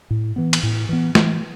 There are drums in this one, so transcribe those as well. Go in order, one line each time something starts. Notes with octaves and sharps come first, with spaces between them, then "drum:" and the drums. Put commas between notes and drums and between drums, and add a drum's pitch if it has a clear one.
A2
E3 B3
drum: cymbal
A2
E3 B3
E3, drum: snare